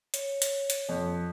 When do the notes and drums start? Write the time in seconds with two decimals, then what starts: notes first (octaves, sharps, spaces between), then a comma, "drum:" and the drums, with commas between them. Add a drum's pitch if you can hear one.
0.14 C#5, drum: hi-hat
0.42 drum: hi-hat
0.70 drum: hi-hat
0.89 F2